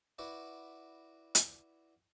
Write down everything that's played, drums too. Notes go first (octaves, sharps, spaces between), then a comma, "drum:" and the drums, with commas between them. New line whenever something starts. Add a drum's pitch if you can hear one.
E4 F#4 B4 D5 F#5
drum: hi-hat